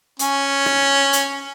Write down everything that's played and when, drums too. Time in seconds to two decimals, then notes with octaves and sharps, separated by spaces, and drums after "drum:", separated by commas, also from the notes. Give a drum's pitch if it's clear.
0.19 C#4, drum: hi-hat
0.66 drum: rim click
1.13 drum: hi-hat